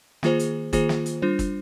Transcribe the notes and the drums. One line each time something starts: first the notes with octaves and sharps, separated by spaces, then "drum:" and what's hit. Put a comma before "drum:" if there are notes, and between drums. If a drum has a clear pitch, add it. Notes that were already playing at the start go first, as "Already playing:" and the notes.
D#3 A#3 F4 G#4 C5, drum: snare
drum: hi-hat
D#3 A#3 F4 G#4 C5, drum: kick, hi-hat
drum: snare
drum: hi-hat
G3 D4 F4 C5
drum: kick, hi-hat